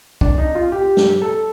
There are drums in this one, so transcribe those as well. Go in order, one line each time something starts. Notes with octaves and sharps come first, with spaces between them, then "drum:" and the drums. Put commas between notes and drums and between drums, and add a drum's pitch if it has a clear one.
D4, drum: kick B1
D#4
F4
G4
drum: snare
A4